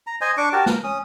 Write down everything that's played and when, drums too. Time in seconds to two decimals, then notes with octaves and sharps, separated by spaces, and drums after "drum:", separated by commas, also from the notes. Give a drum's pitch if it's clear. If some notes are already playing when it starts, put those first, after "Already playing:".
0.07 A#5
0.21 C5 D#5 G#5
0.37 D4 C#6 D6
0.53 F#4 G4 A#4 A5
0.66 A#4, drum: snare
0.84 C#4 D#6